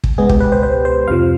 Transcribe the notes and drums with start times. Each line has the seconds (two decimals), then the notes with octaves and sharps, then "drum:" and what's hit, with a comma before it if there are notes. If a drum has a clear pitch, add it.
0.04 drum: kick
0.18 C#2 B2 G#3 B3 G#4
0.29 G4, drum: kick
0.40 B4
0.52 C5
0.63 C5
0.85 C5
1.08 F2 C3 F3 F5